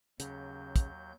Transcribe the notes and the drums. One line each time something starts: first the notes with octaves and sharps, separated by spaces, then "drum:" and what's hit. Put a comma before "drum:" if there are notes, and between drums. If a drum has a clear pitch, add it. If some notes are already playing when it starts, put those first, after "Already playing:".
D#2 C#3 F#3 G6, drum: hi-hat
drum: kick, hi-hat